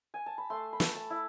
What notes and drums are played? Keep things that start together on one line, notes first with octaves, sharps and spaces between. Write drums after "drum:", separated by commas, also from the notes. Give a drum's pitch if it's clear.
G#5
A5
B5
A3 C6
B5
A3, drum: snare
A5
E4